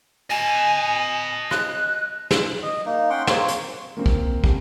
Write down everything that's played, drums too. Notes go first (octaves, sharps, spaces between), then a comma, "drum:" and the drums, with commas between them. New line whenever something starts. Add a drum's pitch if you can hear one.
D#5 G#5 A5
F#6, drum: rim click
drum: snare
D#5
A#3 D#4
C#4 F#5 G5 C6
A#3 C4 C5 C#5, drum: snare
drum: hi-hat
A#3 C4
drum: kick
D#1 G4, drum: kick